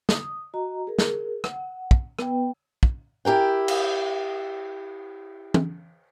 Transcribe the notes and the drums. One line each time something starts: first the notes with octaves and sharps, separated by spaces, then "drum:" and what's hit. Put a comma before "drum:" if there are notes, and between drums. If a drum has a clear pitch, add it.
D#6, drum: snare
F#4 D#5 A#5
G#4 A#4
drum: snare
F#5, drum: rim click
drum: kick
B3 B4 G5, drum: rim click
drum: kick
E4 G4 A#4 G5
drum: cymbal
drum: tom